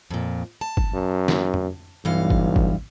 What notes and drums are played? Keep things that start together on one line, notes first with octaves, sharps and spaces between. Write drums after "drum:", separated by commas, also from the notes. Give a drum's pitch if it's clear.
F2 A#2
A5
drum: kick G1
F#2
drum: snare
drum: tom F2
B1 G2 E3 F5
drum: kick G1
drum: kick G1